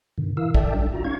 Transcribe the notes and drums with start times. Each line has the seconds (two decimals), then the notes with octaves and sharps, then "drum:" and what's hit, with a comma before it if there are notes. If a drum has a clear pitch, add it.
0.18 G2 B2 D3 D#3
0.37 E3 E4 A#4 F5 E6
0.54 A4 D5 E5 G5 A5, drum: kick
0.74 G3 D4
0.93 F4 F#4 A#5
1.04 C#4 D#4 F5 C#6 G#6